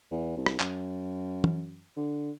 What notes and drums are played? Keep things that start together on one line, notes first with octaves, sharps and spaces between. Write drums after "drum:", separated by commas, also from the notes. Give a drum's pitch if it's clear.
E2
C2
drum: rim click
F#2, drum: clap
drum: tom E3
D3